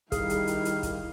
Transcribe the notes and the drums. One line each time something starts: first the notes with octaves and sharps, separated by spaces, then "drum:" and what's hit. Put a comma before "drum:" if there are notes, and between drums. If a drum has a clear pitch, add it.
D#3 G3 E4 G#4 F5, drum: kick, hi-hat
drum: hi-hat
drum: hi-hat
drum: hi-hat
drum: kick, hi-hat